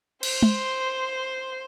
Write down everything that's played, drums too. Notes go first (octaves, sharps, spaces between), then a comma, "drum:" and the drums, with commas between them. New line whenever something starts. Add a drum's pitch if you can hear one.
C5 C6, drum: cymbal
drum: tom